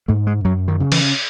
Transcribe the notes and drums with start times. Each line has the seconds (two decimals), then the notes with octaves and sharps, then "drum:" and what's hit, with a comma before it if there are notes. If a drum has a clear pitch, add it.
0.08 G#2 A3
0.27 G#3
0.44 F#2 F#3
0.68 D#3
0.80 C#3
0.92 E3, drum: cymbal